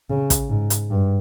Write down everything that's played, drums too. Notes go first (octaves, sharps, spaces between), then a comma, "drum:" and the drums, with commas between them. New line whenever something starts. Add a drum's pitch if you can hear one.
C#3
drum: kick, hi-hat
G#2
drum: hi-hat
G2